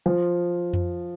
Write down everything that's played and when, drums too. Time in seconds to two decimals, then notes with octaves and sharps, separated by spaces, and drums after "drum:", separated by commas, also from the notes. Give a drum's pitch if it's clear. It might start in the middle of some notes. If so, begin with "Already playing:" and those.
0.06 F3
0.73 drum: tom F2